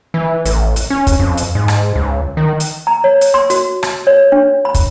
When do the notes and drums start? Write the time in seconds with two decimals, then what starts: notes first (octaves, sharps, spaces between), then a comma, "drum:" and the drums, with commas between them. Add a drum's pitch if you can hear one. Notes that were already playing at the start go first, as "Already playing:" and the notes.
0.14 E3
0.46 A1, drum: hi-hat
0.76 drum: hi-hat
0.90 C#4
1.07 drum: kick, hi-hat
1.20 F2
1.37 drum: hi-hat
1.55 G#2
1.68 drum: rim click
1.96 C#2
2.37 D#3
2.60 drum: hi-hat
2.87 A#5
3.04 C#5
3.21 drum: hi-hat
3.34 C6
3.50 F#4, drum: hi-hat
3.83 drum: rim click
4.07 C#5
4.32 D4
4.65 B5
4.75 drum: kick, hi-hat